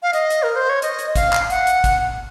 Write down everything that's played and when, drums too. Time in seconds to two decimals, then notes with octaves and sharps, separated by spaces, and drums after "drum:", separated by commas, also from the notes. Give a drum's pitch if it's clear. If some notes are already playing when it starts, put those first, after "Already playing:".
0.02 F5
0.13 D#5, drum: hi-hat
0.30 drum: hi-hat
0.43 A#4
0.56 C5
0.69 C#5
0.82 D#5, drum: hi-hat
0.99 drum: hi-hat
1.16 F5, drum: kick, hi-hat
1.33 drum: clap
1.50 F#5, drum: hi-hat
1.67 drum: hi-hat
1.84 drum: kick, hi-hat